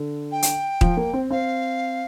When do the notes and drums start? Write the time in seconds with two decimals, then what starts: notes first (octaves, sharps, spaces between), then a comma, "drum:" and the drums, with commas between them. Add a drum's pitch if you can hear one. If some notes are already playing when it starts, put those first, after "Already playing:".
Already playing: D3
0.32 G5
0.42 drum: hi-hat
0.81 F3, drum: kick D#1
0.97 A#3
1.13 C4
1.31 C4 F5